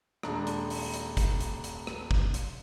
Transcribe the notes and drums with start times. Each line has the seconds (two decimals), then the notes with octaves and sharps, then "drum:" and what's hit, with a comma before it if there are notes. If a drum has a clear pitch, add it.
0.23 D#1 G#3 D4 A#5, drum: rim click
0.47 drum: hi-hat
0.70 drum: open hi-hat
0.94 drum: hi-hat
1.17 drum: kick, hi-hat
1.40 drum: hi-hat
1.64 drum: hi-hat
1.87 drum: rim click
2.11 drum: kick
2.34 drum: hi-hat